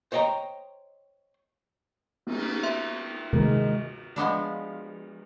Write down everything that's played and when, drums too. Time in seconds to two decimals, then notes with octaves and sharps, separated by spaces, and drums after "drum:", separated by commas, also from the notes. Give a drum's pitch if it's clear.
0.12 C5 C#5 D#5 G5 A#5
2.27 drum: cymbal
2.63 E5 C6
3.33 D#3 G#3 A#4, drum: tom C3
4.16 F3 G#3 B3 D4